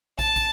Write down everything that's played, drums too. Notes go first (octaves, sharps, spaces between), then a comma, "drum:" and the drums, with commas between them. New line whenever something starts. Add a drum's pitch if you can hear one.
A5, drum: kick, tambourine
drum: kick, tambourine